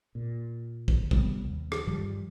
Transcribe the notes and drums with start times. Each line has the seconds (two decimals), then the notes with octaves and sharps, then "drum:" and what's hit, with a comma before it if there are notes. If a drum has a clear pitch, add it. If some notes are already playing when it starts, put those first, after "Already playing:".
0.15 A#2
0.88 drum: kick
1.11 C3 G3 B3, drum: kick
1.45 D#2
1.72 drum: rim click
1.87 G2 D#3 F3 G3